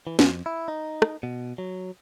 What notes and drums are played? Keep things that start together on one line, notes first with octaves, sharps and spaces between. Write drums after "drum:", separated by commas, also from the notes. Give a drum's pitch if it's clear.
E3
F2, drum: snare
E4
D#4
drum: rim click
B2
F#3